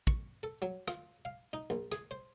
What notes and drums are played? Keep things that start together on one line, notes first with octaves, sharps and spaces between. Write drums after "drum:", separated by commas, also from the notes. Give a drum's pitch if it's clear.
C#6, drum: kick
A4
F#3
F4, drum: rim click
F5
D#4
A#1
G#4, drum: rim click
C5